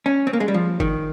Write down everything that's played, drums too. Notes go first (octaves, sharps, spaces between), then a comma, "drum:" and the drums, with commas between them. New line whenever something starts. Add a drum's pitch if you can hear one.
C#4
C4
A#3
G#3
G3
F3
D#3, drum: kick G1